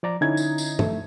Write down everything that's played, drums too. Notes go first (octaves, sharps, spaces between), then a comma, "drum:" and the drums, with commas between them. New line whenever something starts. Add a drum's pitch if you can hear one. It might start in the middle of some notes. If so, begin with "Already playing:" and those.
F3 D5 A#5
D3 C#4 D#4 E4 G#6
drum: tambourine
drum: tambourine
A3, drum: tom